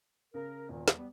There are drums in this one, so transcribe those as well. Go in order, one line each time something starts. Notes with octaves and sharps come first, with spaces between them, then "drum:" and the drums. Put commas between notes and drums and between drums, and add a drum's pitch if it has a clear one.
C#3 A#4
E1 A#2 D#3
drum: snare
G3 B3